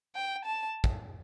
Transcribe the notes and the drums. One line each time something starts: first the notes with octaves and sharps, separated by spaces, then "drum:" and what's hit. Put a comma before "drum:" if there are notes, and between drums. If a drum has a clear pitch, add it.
G5
A5
drum: kick